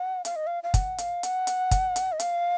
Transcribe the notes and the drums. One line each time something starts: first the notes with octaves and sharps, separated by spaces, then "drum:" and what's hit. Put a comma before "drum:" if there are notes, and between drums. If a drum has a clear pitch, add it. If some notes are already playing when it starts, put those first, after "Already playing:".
Already playing: F#5
F5, drum: hi-hat
D#5
F5
F5
F#5, drum: kick, hi-hat
F5, drum: hi-hat
F#5, drum: hi-hat
drum: hi-hat
drum: kick, hi-hat
drum: hi-hat
D#5
F5, drum: hi-hat